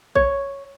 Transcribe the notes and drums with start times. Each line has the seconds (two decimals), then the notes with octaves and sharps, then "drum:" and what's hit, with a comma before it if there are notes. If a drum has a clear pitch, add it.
0.15 C#5, drum: kick